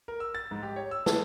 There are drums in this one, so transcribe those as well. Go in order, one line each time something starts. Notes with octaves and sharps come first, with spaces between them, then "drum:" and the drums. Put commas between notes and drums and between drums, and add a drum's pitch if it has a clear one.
A#4
E6
A6
G#2
G4
C#5
E6
A5, drum: snare